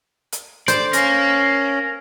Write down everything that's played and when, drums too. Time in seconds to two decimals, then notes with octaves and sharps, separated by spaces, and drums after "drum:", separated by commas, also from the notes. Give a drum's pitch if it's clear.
0.32 drum: hi-hat
0.68 C5 D5, drum: hi-hat
0.93 C#4 A#4 F5, drum: hi-hat